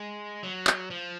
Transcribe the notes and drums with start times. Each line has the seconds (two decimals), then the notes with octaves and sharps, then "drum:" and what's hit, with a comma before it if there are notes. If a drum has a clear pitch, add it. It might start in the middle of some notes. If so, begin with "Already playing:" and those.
Already playing: G#3
0.43 F#3
0.67 drum: clap
0.90 F3